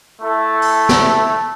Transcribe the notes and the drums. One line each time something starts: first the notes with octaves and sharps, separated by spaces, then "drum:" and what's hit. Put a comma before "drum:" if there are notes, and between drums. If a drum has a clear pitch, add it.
A3 E4 A4
drum: open hi-hat
drum: snare